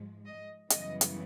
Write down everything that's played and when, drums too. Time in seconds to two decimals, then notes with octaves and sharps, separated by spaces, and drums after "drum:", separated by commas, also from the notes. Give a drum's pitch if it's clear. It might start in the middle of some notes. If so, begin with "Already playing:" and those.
Already playing: G#2 F3 G#3
0.26 D#5
0.70 F#2 C#3 E3 G3 B3 D#5, drum: hi-hat
1.01 drum: hi-hat